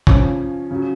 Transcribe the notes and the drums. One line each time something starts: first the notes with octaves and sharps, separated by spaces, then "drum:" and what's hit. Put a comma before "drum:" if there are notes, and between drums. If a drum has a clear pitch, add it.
C#3 F3 C#4, drum: kick
C#3 F#3